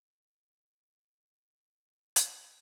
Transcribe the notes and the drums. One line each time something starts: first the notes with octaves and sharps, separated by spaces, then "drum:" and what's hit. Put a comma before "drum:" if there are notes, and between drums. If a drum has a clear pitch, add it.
C#4
A#4 D5 E5
D3 F3
drum: hi-hat